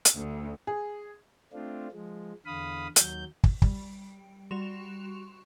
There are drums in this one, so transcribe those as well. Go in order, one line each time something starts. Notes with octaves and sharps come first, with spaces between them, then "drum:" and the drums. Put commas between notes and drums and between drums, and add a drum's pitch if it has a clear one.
drum: hi-hat
D2
G#4
A3 C4 D4 F4
F3 G#3
E2 D3 F5 B5 D#6
D#2 F#3 G6, drum: hi-hat
drum: kick
G3, drum: kick
G3 F#4 C6 C#6 E7 F7